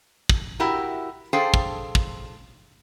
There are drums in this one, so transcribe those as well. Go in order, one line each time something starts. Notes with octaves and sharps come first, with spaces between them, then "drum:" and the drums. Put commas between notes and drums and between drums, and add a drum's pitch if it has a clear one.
drum: kick
E4 F#4 G4 A#4
D4 G#4 A4 C5 F5 G5
drum: kick
drum: kick